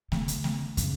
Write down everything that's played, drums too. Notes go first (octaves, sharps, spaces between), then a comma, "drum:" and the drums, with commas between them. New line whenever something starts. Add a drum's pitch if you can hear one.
C#3, drum: snare A3
drum: hi-hat
drum: snare A3
C#3, drum: kick, hi-hat